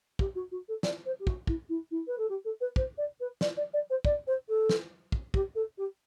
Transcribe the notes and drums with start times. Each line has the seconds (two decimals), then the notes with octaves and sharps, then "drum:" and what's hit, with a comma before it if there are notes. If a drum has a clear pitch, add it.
0.19 G4, drum: kick
0.35 F#4
0.51 F#4
0.68 A4
0.83 D5, drum: snare
1.05 C5
1.19 G4
1.27 F#4, drum: kick
1.47 E4, drum: kick
1.69 E4
1.91 E4
2.07 B4
2.17 A4
2.29 G4
2.44 A4
2.60 B4
2.76 C5, drum: kick
2.97 D5
3.20 B4
3.41 D5, drum: snare
3.57 D5
3.73 D5
3.90 C5
4.05 D5, drum: kick
4.27 C5
4.48 A4
4.69 drum: snare
5.12 drum: kick
5.34 G4, drum: kick
5.55 A4
5.77 G4